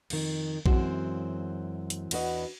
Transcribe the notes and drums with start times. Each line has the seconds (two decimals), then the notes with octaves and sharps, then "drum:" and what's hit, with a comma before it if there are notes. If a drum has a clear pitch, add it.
0.10 F2 D#3, drum: cymbal
0.66 F#2 E3 G#3 C4 F#4 C5, drum: kick A#1
1.90 drum: hi-hat
2.11 E2 D4 F#4 B4 D#5, drum: cymbal